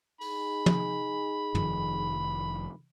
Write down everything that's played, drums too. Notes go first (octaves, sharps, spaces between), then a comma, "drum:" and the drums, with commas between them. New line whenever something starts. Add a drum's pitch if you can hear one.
D#4 G#4 B5, drum: open hi-hat
drum: tom
F1 D#3 F3, drum: tom